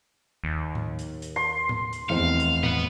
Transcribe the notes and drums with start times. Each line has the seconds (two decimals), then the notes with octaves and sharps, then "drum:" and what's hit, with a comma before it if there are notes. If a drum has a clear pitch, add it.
0.44 D#2
0.75 drum: tom A2
0.99 drum: hi-hat
1.22 drum: hi-hat
1.36 C6
1.69 drum: tom A2
1.93 drum: hi-hat
2.10 F1 E2 C4 F5
2.40 drum: hi-hat
2.63 B3 B4, drum: tom A2